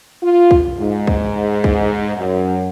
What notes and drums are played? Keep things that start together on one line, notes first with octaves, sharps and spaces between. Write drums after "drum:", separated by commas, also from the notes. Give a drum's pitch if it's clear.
F4
drum: kick
G#2
drum: kick
drum: kick
F#2